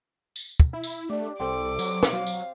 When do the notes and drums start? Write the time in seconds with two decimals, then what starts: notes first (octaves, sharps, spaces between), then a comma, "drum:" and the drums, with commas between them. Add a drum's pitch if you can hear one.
0.36 drum: tambourine
0.60 drum: kick
0.73 E4
0.83 drum: tambourine
1.09 A3 D4 G4 D5
1.40 C2 C4 A4 G5 D6
1.79 F#3, drum: tambourine
2.03 drum: snare
2.12 F#3 F5
2.27 drum: tambourine